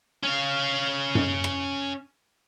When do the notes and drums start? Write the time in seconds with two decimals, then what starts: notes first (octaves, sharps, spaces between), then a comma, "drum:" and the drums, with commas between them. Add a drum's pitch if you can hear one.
0.24 C#4 F5
1.15 drum: tom F#2
1.44 drum: rim click